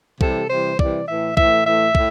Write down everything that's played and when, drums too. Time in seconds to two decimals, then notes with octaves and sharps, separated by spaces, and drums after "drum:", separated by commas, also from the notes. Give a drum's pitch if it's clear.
0.21 C3 E3 G3 A4, drum: kick
0.50 C3 E3 G3 C5
0.79 C3 E3 G3 D5, drum: kick
1.08 A2 E3 A3 E5
1.37 A2 E3 A3 E5, drum: kick
1.66 A2 E3 A3 E5
1.95 A2, drum: kick